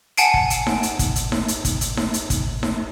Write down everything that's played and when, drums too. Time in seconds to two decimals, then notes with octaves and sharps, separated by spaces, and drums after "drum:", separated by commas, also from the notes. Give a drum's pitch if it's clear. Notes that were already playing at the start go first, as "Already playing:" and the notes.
0.17 F#5 G#5 A5 C7 D7, drum: hi-hat
0.34 drum: kick
0.50 drum: hi-hat
0.67 drum: snare D#4
0.83 drum: hi-hat
0.99 drum: kick, hi-hat
1.16 drum: hi-hat
1.32 drum: snare D#4
1.48 drum: hi-hat
1.65 drum: kick, hi-hat
1.81 drum: hi-hat
1.97 drum: snare D#4
2.14 drum: hi-hat
2.30 drum: kick, hi-hat
2.63 drum: snare D#4